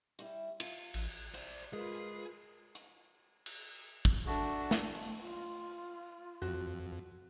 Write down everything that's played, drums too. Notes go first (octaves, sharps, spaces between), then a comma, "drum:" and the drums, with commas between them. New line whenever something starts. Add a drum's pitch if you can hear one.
G3 E4, drum: hi-hat
F4, drum: cymbal
A1, drum: cymbal
C5 D5, drum: hi-hat
G#3 F4 G#4 A#4 B4
drum: hi-hat
drum: cymbal
drum: kick
A3 D4 F#4
drum: snare
drum: open hi-hat
F4
F2 F#4